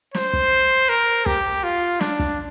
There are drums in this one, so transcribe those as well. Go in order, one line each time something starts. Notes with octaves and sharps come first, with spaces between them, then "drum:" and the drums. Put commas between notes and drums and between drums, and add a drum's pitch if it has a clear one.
C5, drum: snare
drum: kick
A#4
G4, drum: kick
F4
D4, drum: snare
drum: kick